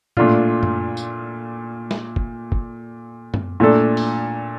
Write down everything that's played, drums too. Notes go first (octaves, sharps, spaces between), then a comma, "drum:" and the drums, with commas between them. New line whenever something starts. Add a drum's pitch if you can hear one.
A#2 A3 D4 F4, drum: tom A2
drum: tom F#2
drum: tambourine
drum: snare
drum: kick
drum: kick
drum: tom F#2
A#2 A3 D4 A4
drum: open hi-hat